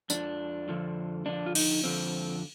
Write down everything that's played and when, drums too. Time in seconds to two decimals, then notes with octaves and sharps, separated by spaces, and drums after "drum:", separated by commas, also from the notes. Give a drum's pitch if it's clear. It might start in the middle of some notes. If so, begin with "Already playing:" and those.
0.10 F2 D3 F3 D4, drum: tambourine
0.69 F2 D3 F3
1.26 F2 D3 F3 D4
1.46 F4
1.55 D#4, drum: cymbal
1.84 F2 D3 F3 C4